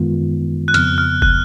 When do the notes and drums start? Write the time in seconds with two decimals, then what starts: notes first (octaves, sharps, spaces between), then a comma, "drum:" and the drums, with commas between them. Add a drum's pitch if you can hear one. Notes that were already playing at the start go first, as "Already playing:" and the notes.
Already playing: F#2 D#3 G#3 B3 F4
0.68 F#6
0.74 F2 C#3 F3 B3 F6, drum: hi-hat
0.98 F6
1.22 F#6, drum: kick